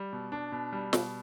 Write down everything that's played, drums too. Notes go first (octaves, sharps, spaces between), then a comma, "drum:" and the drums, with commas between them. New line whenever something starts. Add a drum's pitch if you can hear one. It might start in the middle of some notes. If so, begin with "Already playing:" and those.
Already playing: G3
B2
D4
B2
G3
B2, drum: snare